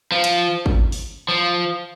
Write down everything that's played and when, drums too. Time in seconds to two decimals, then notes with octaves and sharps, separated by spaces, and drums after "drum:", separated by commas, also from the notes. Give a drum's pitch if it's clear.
0.12 F3
0.24 drum: hi-hat
0.66 drum: kick
0.92 drum: open hi-hat
1.29 F3